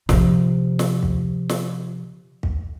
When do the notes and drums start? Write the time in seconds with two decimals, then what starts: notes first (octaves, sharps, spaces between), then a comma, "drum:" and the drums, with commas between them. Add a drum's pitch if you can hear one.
0.09 C3 F3, drum: snare
0.79 drum: snare
1.03 drum: kick
1.49 drum: snare
2.43 drum: kick